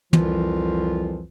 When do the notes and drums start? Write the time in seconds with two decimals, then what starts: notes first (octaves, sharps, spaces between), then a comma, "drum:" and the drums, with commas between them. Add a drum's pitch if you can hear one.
0.13 C2 F2 E3 F3 F4, drum: tom